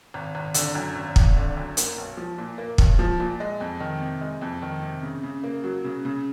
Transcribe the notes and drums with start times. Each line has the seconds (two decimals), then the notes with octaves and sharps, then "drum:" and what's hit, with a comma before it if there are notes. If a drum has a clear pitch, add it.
0.14 G#1
0.35 G#1
0.54 D3, drum: hi-hat
0.75 F#2
0.96 G#1
1.16 G#1, drum: kick
1.36 D3
1.57 F#2
1.77 A#3, drum: hi-hat
1.98 B1
2.17 F3
2.38 A#2
2.58 A#3
2.78 B1, drum: kick
2.99 F3
3.20 A#2
3.40 G#3
3.60 F2
3.80 D#3
4.01 C3
4.21 G#3
4.42 F2
4.62 D#3
4.82 C3
5.03 C#3
5.23 C#3
5.44 A#3
5.64 F#3
5.84 C#3
6.05 C#3